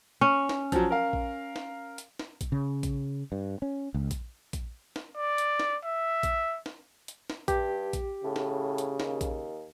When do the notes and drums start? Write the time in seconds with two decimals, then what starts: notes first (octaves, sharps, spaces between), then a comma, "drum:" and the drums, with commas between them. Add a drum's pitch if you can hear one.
0.21 C#4
0.49 drum: snare
0.72 F3 F#3, drum: kick A#1, hi-hat
0.90 A#4 F5
1.13 drum: kick A#1
1.56 drum: snare
1.98 drum: hi-hat
2.19 drum: snare
2.41 drum: kick A#1, hi-hat
2.52 C#3
2.83 drum: kick A#1, hi-hat
3.32 G2
3.62 C#4
3.94 C#2
4.11 drum: kick A#1, hi-hat
4.53 drum: kick A#1, hi-hat
4.96 drum: snare
5.17 D5
5.38 drum: hi-hat
5.60 drum: snare
5.84 E5
6.23 drum: kick A#1, hi-hat
6.66 drum: snare
7.08 drum: hi-hat
7.30 drum: snare
7.48 G2 G4, drum: kick A#1, hi-hat
7.93 drum: kick A#1, hi-hat
8.24 A2 C#3
8.36 drum: snare
8.78 drum: hi-hat
9.00 D#2, drum: snare
9.21 drum: kick A#1, hi-hat